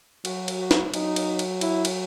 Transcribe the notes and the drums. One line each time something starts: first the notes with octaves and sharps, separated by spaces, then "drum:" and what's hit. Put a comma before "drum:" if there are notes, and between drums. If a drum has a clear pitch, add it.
F#3 F#4, drum: cymbal
drum: cymbal
F#4
drum: snare
F#3 D#4, drum: cymbal
drum: cymbal
drum: cymbal
E4, drum: cymbal
drum: cymbal